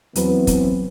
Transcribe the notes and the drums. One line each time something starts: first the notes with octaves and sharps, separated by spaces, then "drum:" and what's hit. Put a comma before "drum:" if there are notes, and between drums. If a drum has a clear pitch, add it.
E2 E3 F#3 B3 C4 B4, drum: hi-hat
drum: kick, hi-hat